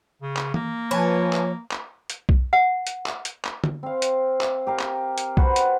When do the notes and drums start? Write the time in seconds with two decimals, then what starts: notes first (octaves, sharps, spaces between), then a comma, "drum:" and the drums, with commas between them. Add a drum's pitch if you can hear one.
0.22 C#3
0.36 drum: clap
0.54 A#3, drum: tom E3
0.91 F3 B4 C#5 G#5 A5
1.33 drum: clap
1.71 drum: clap
2.10 drum: hi-hat
2.29 drum: kick B1
2.53 F#5
2.87 drum: hi-hat
3.06 drum: clap
3.25 drum: hi-hat
3.44 drum: clap
3.64 drum: tom
3.83 C4 F5
4.02 drum: hi-hat
4.41 drum: clap
4.67 G4 A#4 F5
4.79 drum: clap
5.18 drum: hi-hat
5.37 F#4 B4 C5 F#5, drum: kick B1
5.56 drum: hi-hat